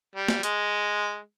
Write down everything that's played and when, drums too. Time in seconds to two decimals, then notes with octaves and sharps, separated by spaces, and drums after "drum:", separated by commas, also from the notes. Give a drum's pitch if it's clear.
0.16 G3
0.28 drum: snare
0.43 G#3, drum: hi-hat